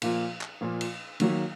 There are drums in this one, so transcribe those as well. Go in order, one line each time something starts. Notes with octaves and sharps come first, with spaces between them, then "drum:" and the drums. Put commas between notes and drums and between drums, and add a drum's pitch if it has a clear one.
A#2 F3 A#3, drum: cymbal
drum: clap
A#2 F3 A#3
drum: cymbal
D#3 F#3 A#3, drum: cymbal